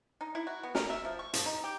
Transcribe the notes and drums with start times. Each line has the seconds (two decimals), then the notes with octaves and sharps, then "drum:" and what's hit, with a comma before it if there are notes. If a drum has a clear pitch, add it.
0.21 D#4
0.35 E4
0.47 F#4
0.63 B3
0.75 A#4, drum: snare
0.90 E5
1.05 F3
1.19 C#6
1.33 F3, drum: hi-hat
1.46 D#4
1.64 G4